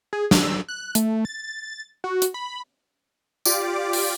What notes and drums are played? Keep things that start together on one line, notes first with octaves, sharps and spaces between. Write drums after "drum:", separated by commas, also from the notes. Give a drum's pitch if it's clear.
G#4
E6, drum: snare
F#6
A3, drum: hi-hat
A6
F#4
drum: hi-hat
B5
F4 G4 D5 D6, drum: tambourine
drum: open hi-hat